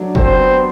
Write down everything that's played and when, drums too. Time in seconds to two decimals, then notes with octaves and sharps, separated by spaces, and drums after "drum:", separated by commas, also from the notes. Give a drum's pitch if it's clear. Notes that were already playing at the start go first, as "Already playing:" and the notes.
Already playing: F#3 A3 D4
0.15 C4 A4 C5, drum: kick
0.39 B3